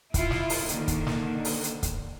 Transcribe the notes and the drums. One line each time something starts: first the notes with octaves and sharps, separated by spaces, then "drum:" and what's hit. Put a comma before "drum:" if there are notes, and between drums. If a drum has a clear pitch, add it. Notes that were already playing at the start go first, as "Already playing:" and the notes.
E4 F4, drum: kick, hi-hat
drum: snare
drum: open hi-hat
D3 D#3 A#3, drum: hi-hat
drum: kick, hi-hat
drum: snare
drum: open hi-hat
drum: hi-hat
drum: kick, hi-hat